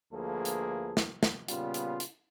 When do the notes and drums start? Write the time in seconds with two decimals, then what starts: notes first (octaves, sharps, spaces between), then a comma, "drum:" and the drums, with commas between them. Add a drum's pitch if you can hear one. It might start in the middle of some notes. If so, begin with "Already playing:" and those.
0.13 D2 F3 A#3 G#4 A4 B4
0.45 drum: hi-hat
0.97 drum: snare
1.23 drum: snare
1.48 A#2 C#3 G3 B3 F4, drum: hi-hat
1.74 drum: hi-hat
2.00 drum: hi-hat